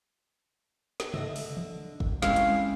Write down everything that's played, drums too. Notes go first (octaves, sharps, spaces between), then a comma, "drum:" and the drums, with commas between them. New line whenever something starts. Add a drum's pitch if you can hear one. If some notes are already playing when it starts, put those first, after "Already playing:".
drum: snare
D3 D#5 E5, drum: tom C3
drum: open hi-hat
drum: tom E3
drum: kick
G#3 C4 C#4 E4 F5, drum: snare
drum: hi-hat